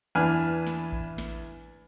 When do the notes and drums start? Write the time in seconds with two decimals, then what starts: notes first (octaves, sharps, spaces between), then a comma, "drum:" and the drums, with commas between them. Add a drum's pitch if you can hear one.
0.15 E2 D4 B4 G#5 F6
0.67 drum: snare
0.92 drum: kick A1
1.18 drum: snare